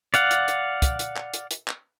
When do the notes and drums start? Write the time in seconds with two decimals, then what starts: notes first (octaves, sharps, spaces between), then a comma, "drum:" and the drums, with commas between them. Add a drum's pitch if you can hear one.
0.14 D5 F5 F#5, drum: hi-hat
0.31 drum: hi-hat
0.48 drum: hi-hat
0.82 drum: kick, hi-hat
0.99 drum: hi-hat
1.16 drum: clap
1.34 drum: hi-hat
1.51 drum: hi-hat
1.68 drum: clap